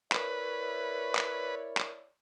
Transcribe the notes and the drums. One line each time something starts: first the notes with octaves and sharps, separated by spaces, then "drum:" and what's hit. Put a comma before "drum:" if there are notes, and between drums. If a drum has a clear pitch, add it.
E4 A#4 B4 C#5 D5, drum: clap
drum: clap
drum: clap